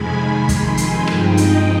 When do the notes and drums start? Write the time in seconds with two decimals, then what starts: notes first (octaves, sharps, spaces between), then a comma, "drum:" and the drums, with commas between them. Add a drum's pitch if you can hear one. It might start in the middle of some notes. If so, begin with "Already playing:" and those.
Already playing: F2 C3 D#3 G#3 G#5 B5
0.18 B5
0.49 C6, drum: kick, hi-hat
0.77 B5, drum: hi-hat
1.07 G2 F3 G#3 C4 D#4 G5, drum: rim click
1.37 D#5, drum: hi-hat